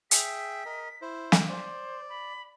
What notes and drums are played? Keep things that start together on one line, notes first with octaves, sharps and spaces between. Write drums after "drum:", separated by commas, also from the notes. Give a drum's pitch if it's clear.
G#4 E5 G5 B6, drum: hi-hat
A#4 D#5
E4 C5
drum: snare
C5 D5
B5